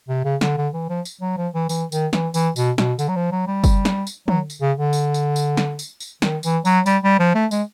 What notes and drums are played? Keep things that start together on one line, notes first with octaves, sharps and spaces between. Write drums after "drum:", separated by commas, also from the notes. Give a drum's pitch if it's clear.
C3
C#3
D3, drum: snare
D3
E3
F3
drum: tambourine
F#3
F3
E3
E3, drum: tambourine
D#3, drum: tambourine
E3, drum: snare
E3, drum: tambourine
B2, drum: tambourine
B2, drum: snare
D3, drum: tambourine
F#3
F3
F#3
G3
drum: kick F#1, tambourine
drum: snare
drum: tambourine
F#3, drum: tom
drum: tambourine
C#3
D3
drum: tambourine
drum: tambourine
drum: tambourine
drum: snare
drum: tambourine
drum: tambourine
D#3, drum: snare
E3, drum: tambourine
F#3, drum: tambourine
G3, drum: tambourine
G3
F3
A3
G#3, drum: tambourine